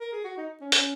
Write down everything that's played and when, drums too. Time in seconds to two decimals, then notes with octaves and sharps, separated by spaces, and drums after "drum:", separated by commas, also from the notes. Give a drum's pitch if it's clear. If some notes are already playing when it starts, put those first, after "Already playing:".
0.01 A#4
0.12 G#4
0.24 F#4
0.37 D#4
0.61 C#4
0.72 C#4, drum: hi-hat